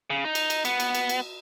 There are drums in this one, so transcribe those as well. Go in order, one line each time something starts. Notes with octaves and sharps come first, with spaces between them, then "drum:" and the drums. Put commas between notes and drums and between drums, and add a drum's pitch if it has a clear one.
C#3
D#4
drum: cymbal
drum: cymbal
B3, drum: cymbal
drum: cymbal
drum: cymbal
drum: cymbal